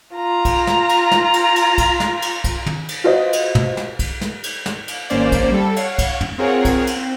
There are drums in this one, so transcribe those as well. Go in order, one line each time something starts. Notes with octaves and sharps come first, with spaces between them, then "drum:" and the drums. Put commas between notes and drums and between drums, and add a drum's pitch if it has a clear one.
F4 A#5
drum: kick B1, cymbal
drum: snare
drum: cymbal
drum: snare
drum: cymbal
drum: cymbal
drum: kick B1, cymbal
drum: snare
drum: cymbal
drum: kick B1, cymbal
drum: tom
drum: cymbal
F4 F#4 B4 C5 D#5
drum: cymbal
drum: tom
drum: snare
drum: kick B1, cymbal
drum: snare
drum: cymbal
drum: snare
drum: cymbal
G#1 A#3 C#4 C5 D5, drum: cymbal
drum: kick B1, cymbal
G3 A4
C#5 F5 F#5, drum: cymbal
drum: kick B1, cymbal
drum: tom
C4 F4 G#4 A#4 C#5 F#5
drum: kick B1, cymbal
drum: cymbal
C4